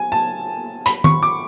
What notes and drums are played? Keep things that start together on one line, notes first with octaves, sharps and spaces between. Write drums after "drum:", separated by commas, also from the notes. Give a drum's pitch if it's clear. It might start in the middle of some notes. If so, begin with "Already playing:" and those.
Already playing: G#5
A5
B5, drum: hi-hat
C#6, drum: tom
D6